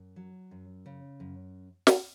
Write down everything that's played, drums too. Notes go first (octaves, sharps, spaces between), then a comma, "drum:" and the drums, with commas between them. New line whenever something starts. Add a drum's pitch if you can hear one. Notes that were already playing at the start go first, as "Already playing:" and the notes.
Already playing: F#2
F#3
F#2
C#3
F#2
drum: snare